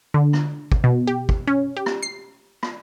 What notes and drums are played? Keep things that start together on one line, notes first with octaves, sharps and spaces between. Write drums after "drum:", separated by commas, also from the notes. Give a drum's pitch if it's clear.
D3
drum: rim click
drum: kick
B2
G4
drum: kick
C#4
G4
drum: rim click
C7
drum: rim click